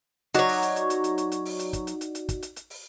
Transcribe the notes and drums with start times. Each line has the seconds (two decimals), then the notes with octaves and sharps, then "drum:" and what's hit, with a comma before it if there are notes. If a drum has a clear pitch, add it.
0.34 F#3 D#4 F#4 C#5 D5, drum: hi-hat
0.48 drum: open hi-hat
0.62 drum: hi-hat
0.76 drum: hi-hat
0.90 drum: hi-hat
1.04 drum: hi-hat
1.18 drum: hi-hat
1.32 drum: hi-hat
1.45 drum: open hi-hat
1.59 drum: hi-hat
1.73 drum: kick, hi-hat
1.87 drum: hi-hat
2.01 drum: hi-hat
2.15 drum: hi-hat
2.29 drum: kick, hi-hat
2.42 drum: hi-hat
2.56 drum: hi-hat
2.70 drum: open hi-hat